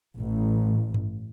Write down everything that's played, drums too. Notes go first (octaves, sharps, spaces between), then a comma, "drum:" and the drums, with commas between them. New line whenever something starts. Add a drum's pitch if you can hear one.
A1
drum: tom G2